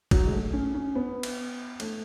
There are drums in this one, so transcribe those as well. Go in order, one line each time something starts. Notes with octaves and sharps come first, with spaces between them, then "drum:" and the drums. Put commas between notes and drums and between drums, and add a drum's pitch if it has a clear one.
F#3, drum: kick, cymbal
G#3
A3
C#4
C#4
B3
drum: cymbal
A3, drum: cymbal